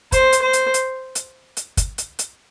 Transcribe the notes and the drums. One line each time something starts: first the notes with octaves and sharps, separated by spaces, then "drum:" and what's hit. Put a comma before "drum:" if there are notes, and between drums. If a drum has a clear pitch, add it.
C5, drum: kick, hi-hat
drum: hi-hat
C5
drum: hi-hat
drum: hi-hat
drum: hi-hat
drum: hi-hat
drum: kick, hi-hat
drum: hi-hat
drum: hi-hat